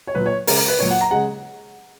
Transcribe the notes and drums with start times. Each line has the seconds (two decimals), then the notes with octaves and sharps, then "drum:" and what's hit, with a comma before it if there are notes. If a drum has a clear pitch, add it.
0.07 C#5
0.15 A#2 F#3 B4
0.26 C#5
0.47 C#3 G#3 A#4, drum: open hi-hat
0.57 A#4
0.68 B4
0.79 A#2 F#3 C#5
0.91 F#5
1.01 A#5
1.11 C#3 G#3 F#5